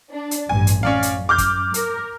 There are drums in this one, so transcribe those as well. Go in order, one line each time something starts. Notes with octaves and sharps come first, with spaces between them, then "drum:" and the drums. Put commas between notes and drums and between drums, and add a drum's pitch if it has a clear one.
D4
drum: hi-hat
A1 G2 G#5
drum: hi-hat
F#2 C#4 D5 F5
drum: hi-hat
D6 F6 G6
drum: kick, hi-hat
A#4, drum: hi-hat